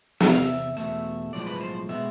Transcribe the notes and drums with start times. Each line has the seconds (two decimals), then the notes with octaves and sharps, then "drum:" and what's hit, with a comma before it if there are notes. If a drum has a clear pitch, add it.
0.20 E2 C3 E5, drum: snare
0.31 F5
0.43 E5
0.76 E2 B2 A3 E5
1.33 B1 A2 F3 G#3 D5
1.47 B4
1.61 C5
1.89 B2 G#3 B3 E5